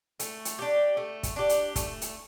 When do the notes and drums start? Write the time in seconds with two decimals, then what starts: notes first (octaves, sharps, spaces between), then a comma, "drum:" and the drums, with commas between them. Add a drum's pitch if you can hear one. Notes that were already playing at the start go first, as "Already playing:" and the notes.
0.20 A3, drum: hi-hat
0.45 drum: hi-hat
0.59 D4 G4
0.97 A3
1.23 drum: kick, hi-hat
1.36 D4 G4
1.49 drum: hi-hat
1.76 A3, drum: kick, hi-hat
2.01 drum: hi-hat